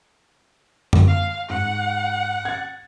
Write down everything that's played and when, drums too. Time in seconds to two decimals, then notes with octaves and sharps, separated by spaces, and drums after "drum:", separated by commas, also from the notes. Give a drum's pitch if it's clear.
0.93 drum: tom F#2
1.07 F5
1.49 G#2 F#5
2.45 G#6 A6